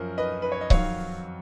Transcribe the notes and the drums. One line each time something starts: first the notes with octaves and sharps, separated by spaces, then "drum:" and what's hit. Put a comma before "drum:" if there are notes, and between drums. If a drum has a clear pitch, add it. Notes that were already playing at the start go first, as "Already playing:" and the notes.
Already playing: F#2 F3 A#4
B4 D#5
B4
C#5
D#5
F2 D#3 F#3 C#5 F5, drum: kick C#1